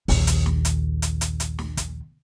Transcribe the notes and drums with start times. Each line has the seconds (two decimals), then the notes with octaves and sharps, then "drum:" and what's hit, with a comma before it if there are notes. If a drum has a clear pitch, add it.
0.08 A#1 D#2, drum: open hi-hat
0.27 drum: hi-hat
0.46 drum: snare
0.65 drum: hi-hat
1.02 drum: hi-hat
1.21 drum: hi-hat
1.40 drum: hi-hat
1.59 drum: snare
1.77 drum: kick, hi-hat